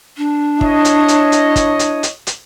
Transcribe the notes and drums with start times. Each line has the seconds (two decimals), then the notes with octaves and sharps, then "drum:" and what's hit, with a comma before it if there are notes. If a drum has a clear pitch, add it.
0.17 D4
0.61 E4 C#5 D#5, drum: kick
0.85 drum: hi-hat
1.08 drum: hi-hat
1.32 drum: hi-hat
1.56 drum: kick, hi-hat
1.79 drum: hi-hat
2.03 drum: hi-hat
2.27 drum: hi-hat